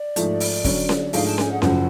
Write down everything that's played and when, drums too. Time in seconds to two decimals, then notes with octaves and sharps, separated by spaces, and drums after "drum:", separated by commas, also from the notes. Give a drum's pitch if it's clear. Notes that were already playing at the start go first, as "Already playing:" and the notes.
Already playing: D5
0.16 G#2 F3 A3, drum: hi-hat
0.40 drum: open hi-hat
0.64 D3 F#3 C#4, drum: kick, open hi-hat
0.89 drum: snare C#4
1.13 G#2 F3 A3 D4 G#4 F5, drum: open hi-hat
1.26 A5
1.38 G#5, drum: snare C#4
1.50 F#5
1.62 F#1 F#2 F3 F#5, drum: snare C#4